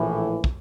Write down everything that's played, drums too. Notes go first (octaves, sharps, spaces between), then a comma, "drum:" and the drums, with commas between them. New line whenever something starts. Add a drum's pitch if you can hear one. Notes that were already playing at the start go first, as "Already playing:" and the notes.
Already playing: A#1 A2 E3
drum: kick